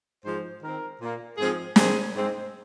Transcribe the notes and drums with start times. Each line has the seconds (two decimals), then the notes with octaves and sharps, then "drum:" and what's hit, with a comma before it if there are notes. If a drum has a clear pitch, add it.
0.24 G#2 F3 G#3 C5
0.62 D#3 C4 A#4
1.00 A#2 A#3
1.38 G#2 F3 G#3 C4 G#4
1.76 C3 D#3 G#3 C4 G#4, drum: snare
2.14 G#2 G#3 C4